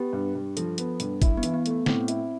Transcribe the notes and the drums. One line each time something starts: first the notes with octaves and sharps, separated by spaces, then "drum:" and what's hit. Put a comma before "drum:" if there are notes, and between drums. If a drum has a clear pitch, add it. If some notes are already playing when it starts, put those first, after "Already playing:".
Already playing: B3 G4
G2
G2
F3 A4, drum: hi-hat
B3, drum: hi-hat
G2, drum: hi-hat
E4, drum: kick, hi-hat
B3
E3, drum: hi-hat
B3
A3, drum: hi-hat
B3
A2 C4, drum: snare
E4, drum: hi-hat